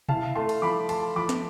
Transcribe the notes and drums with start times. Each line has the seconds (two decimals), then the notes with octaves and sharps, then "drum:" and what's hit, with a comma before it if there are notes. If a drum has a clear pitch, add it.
0.09 E4 F5 A5, drum: tom
0.36 A3 A5 C6
0.49 drum: cymbal
0.62 F3 B5 D6
0.89 A3 A5 C6, drum: cymbal
1.16 F3 B5 D6
1.29 drum: snare